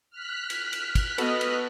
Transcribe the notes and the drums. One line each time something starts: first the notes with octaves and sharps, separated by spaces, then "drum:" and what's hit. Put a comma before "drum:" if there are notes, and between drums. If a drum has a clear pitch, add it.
F6 F#6 B6
drum: cymbal
drum: cymbal
drum: kick, cymbal
B3 F#4 A4 B4 D#5, drum: cymbal
drum: cymbal